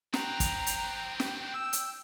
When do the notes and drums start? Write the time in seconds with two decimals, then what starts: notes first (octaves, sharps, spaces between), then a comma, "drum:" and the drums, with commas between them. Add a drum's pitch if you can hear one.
0.13 C4 B4 G5 A#5, drum: snare
0.40 drum: kick, hi-hat
0.67 drum: hi-hat
1.20 drum: snare
1.54 E6
1.73 drum: hi-hat